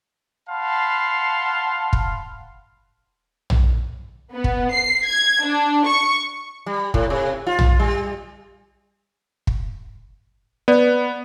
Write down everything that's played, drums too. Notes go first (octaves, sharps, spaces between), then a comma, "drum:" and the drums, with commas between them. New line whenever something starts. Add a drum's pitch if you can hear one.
F5 F#5 A5 B5 C6
drum: kick
drum: tom A#1
B3
drum: kick
C7
G#6
D4
C#6
G3
A2, drum: kick
C3
F4
drum: tom A#1
G3
drum: kick
B3 D5